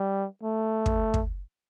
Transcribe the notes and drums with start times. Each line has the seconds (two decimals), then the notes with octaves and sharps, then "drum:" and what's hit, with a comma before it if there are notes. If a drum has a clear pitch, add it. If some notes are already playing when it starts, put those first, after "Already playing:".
Already playing: G3
0.43 A3
0.86 drum: kick
1.14 drum: kick